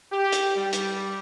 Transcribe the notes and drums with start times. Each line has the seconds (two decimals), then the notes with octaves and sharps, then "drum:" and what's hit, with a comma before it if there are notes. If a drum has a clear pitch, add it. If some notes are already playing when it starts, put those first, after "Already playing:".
0.12 G4
0.32 drum: hi-hat
0.56 G3
0.73 drum: hi-hat